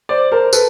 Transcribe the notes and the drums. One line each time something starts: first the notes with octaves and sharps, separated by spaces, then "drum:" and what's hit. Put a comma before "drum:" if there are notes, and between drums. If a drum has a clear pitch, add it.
C5 D5
A#4 C5
A4 B4, drum: tambourine